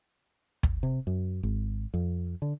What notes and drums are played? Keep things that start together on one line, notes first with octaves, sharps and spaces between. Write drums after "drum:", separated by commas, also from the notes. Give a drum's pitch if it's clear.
drum: kick
C3
F#2
G#1
F2
D3